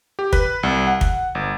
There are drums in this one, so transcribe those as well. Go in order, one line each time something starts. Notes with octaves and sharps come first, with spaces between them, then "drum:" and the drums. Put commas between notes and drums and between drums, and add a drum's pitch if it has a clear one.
G4
B4, drum: kick
C2
F#5
drum: kick
G1